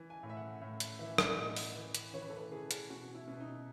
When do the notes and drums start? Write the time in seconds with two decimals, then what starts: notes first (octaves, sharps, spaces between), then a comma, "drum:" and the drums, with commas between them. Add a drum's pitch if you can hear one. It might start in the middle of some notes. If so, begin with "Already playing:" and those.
Already playing: E3
0.10 G#5
0.23 A2
0.29 E5
0.37 F#5
0.61 A2
0.80 drum: hi-hat
0.99 E3 E5
1.18 drum: rim click
1.38 A2 D#5
1.56 drum: open hi-hat
1.76 E3
1.95 drum: hi-hat
2.14 E3 C#5
2.22 B4
2.30 A4
2.36 B4
2.51 E3 G#4
2.71 drum: hi-hat
2.90 B2 F#4
3.14 E4
3.27 B2
3.40 D#4